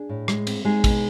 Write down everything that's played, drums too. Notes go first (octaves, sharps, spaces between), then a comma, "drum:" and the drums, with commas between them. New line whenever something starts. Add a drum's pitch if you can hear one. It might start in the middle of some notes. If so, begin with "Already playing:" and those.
Already playing: D4 G#4
A2
G#3, drum: rim click
C4, drum: cymbal
G#3 D#4 G#4
B2, drum: kick, cymbal